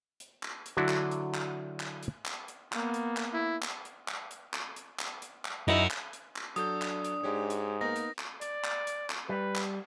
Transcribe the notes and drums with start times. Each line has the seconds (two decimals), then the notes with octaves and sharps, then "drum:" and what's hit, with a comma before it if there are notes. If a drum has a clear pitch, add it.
0.20 drum: hi-hat
0.43 drum: clap
0.66 drum: hi-hat
0.77 D3 F#3 D4 E4 F#4
0.89 drum: clap
1.11 drum: hi-hat
1.34 drum: clap
1.80 drum: clap
2.03 drum: hi-hat
2.25 drum: clap
2.48 drum: hi-hat
2.72 A#3 B3, drum: clap
2.94 drum: hi-hat
3.17 drum: clap
3.33 E4
3.62 drum: clap
3.85 drum: hi-hat
4.08 drum: clap
4.31 drum: hi-hat
4.54 drum: clap
4.76 drum: hi-hat
4.99 drum: clap
5.22 drum: hi-hat
5.45 drum: clap
5.68 F#2 D#4 E4 F#4, drum: hi-hat
5.90 drum: clap
6.13 drum: hi-hat
6.36 drum: clap
6.56 F#3 D4 A4 D#6 G6, drum: hi-hat
6.82 drum: clap
7.05 drum: hi-hat
7.23 G#2 G#3 G4 C#5
7.50 drum: hi-hat
7.81 A#3 B3 D#4 A#4 A#6
7.96 drum: hi-hat
8.19 drum: clap
8.41 D5, drum: hi-hat
8.64 drum: clap
8.87 drum: hi-hat
9.10 drum: clap
9.29 G3 B4
9.55 drum: clap